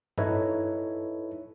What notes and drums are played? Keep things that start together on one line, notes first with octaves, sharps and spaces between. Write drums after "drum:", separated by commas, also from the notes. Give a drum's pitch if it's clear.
D#4 E4 A4 B4 C#5, drum: tom G2